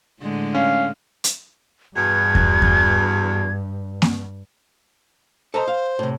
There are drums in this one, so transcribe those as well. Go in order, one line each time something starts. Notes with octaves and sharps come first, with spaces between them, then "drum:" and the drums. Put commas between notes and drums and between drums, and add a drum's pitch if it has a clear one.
A2 D3 G#3
C#4 F5
drum: hi-hat
E2 G2 B2 G#6
drum: kick E2
drum: kick E2
drum: snare A#3
A4 C5 D#5 A#5
F5
A2 C3